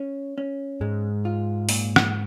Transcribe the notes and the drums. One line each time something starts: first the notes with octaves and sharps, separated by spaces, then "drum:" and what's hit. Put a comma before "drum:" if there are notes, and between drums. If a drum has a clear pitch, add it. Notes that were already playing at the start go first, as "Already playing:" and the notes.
Already playing: C#4
C#4
G#2 G#3
F4
A#2, drum: open hi-hat
drum: rim click